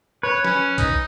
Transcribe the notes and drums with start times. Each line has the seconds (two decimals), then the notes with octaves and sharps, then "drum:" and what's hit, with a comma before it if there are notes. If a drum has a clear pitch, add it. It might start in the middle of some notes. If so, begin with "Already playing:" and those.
0.23 B4 C#5
0.44 C#4, drum: snare
0.78 D#4, drum: kick B1, hi-hat